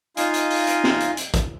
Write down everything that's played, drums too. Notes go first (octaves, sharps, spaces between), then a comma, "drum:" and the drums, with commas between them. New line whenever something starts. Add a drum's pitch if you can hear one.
D#4 F4 D#5 F5 G#5, drum: hi-hat
drum: hi-hat
drum: open hi-hat
drum: hi-hat
drum: snare
drum: hi-hat
drum: hi-hat
drum: kick, hi-hat